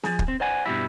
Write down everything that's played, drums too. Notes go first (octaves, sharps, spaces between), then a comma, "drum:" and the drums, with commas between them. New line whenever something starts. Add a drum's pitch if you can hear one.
F3 G#4, drum: snare
drum: kick
C4
C5 D5 F#5 G#5
G2 B2 G3 E4